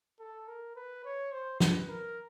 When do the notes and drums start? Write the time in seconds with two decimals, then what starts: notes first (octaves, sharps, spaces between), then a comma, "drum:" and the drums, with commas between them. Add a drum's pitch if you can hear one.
0.20 A4
0.48 A#4
0.76 B4
1.05 C#5
1.32 C5
1.60 B4, drum: snare
1.89 A#4